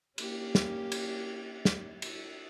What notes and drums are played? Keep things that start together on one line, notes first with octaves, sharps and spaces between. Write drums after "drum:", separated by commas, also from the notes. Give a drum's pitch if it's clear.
A#3 C#4 G4, drum: cymbal
drum: snare
drum: cymbal
drum: snare
drum: cymbal